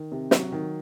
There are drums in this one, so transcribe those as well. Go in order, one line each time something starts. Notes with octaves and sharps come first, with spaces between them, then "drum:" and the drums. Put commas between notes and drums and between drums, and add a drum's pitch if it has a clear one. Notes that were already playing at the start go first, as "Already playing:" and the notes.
Already playing: D#3
C3
F#3, drum: snare
D#3